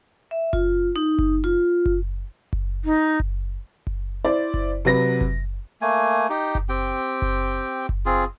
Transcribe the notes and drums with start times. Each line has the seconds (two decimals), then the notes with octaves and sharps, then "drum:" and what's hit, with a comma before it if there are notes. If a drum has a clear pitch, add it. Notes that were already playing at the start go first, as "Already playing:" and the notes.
0.31 E5
0.53 F4, drum: kick F#1
0.96 D#4
1.19 drum: kick F#1
1.44 F4
1.86 drum: kick F#1
2.53 drum: kick F#1
2.85 D#4
3.20 drum: kick F#1
3.87 drum: kick F#1
4.24 E4 C5 D5
4.54 drum: kick F#1
4.85 C3 F#3 B4 A#6
5.21 drum: kick F#1
5.82 A3 A#3 G#5
6.30 D#4 G4
6.55 drum: kick F#1
6.69 C4 G4 G5
7.22 drum: kick F#1
7.89 drum: kick F#1
8.06 C4 F4 G#4